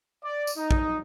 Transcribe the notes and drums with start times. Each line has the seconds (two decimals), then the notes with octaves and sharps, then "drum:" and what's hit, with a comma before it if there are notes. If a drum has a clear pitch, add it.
0.24 D5
0.47 drum: tambourine
0.57 D#4
0.71 drum: kick